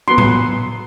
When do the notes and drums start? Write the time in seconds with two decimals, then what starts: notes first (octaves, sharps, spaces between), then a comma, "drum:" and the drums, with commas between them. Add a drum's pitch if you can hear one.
0.08 F#3 B3 C6
0.18 drum: tom A2